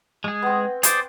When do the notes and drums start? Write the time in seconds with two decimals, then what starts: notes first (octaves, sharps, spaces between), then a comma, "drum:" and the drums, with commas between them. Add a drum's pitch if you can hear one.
0.24 G#3 G#4
0.42 B3 C4
0.83 G#4 C5 D5, drum: hi-hat